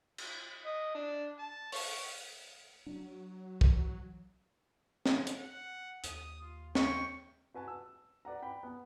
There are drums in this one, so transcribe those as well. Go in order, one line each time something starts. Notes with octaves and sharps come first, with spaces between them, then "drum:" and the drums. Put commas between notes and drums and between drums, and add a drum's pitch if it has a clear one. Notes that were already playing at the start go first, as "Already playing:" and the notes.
drum: cymbal
D#5
D4
A5
C#6, drum: open hi-hat
F#3 D4
E3, drum: kick
drum: snare
drum: hi-hat
F#5
D#2 D#6, drum: hi-hat
F4
G5 C#6, drum: snare
F#4 B4 G#5 A5
E6
B4 D5 F#5 A#5
G5 B5
B3